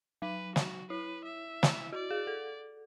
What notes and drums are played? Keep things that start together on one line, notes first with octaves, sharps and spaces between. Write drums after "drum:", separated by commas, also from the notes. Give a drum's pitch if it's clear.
F#3 B4
F#4, drum: snare
E4 B4
E5
drum: snare
F#4 D5
G#4
A4